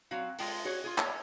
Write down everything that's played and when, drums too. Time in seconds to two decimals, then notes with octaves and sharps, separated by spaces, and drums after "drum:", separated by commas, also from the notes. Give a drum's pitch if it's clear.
0.11 F#3 C4 F#4 F5
0.39 G#3 F4 G#4 G5 A5, drum: open hi-hat
0.65 F#4 G#4 C#5
0.84 F4 G#4
0.98 C#5 G#5, drum: clap